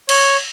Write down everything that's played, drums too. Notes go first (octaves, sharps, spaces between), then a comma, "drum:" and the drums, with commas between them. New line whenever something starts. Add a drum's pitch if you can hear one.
C#5, drum: cymbal